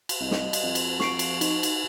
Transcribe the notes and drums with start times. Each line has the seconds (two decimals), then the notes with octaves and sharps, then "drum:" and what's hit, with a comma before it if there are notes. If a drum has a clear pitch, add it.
0.09 drum: cymbal
0.20 C2 G3 D#5
0.31 drum: snare
0.53 drum: cymbal
0.63 F2
0.75 drum: cymbal
1.00 F3 C#6 C7 D7, drum: snare
1.19 drum: cymbal
1.41 D#4, drum: cymbal
1.63 drum: cymbal